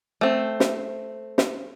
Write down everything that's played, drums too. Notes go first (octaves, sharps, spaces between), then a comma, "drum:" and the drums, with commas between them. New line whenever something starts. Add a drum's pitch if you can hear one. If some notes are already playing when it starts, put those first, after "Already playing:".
A3 C4
drum: snare
drum: snare